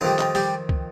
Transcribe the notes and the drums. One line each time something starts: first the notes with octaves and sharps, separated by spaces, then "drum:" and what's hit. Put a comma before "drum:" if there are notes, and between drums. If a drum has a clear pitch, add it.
F2 D#3 G3 D#4
D#4, drum: clap
G3 G4, drum: open hi-hat
drum: kick